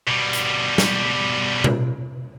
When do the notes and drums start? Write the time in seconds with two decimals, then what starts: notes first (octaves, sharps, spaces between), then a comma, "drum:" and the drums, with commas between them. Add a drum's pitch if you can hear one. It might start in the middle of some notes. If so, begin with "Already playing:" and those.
0.07 B2 G3
0.33 drum: hi-hat
0.78 drum: snare
1.64 drum: tom B2